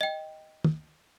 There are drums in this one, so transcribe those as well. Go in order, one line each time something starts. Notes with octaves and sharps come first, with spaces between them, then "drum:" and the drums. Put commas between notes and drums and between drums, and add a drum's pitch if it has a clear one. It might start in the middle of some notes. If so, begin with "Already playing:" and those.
D#5 G5
drum: tom